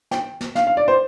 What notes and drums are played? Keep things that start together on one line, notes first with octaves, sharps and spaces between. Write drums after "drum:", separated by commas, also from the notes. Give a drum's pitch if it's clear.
G5, drum: snare
drum: snare
F5, drum: snare
F5
D5
C5